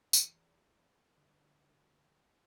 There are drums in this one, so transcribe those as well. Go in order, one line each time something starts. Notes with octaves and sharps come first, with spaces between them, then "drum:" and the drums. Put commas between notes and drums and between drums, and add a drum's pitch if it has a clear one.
E2, drum: tambourine
G1